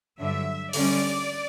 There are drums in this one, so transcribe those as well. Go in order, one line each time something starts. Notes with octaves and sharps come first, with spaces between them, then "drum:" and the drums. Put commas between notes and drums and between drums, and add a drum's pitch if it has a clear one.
G2 D3 F#3 E5
D3 G3 C#4 D5, drum: open hi-hat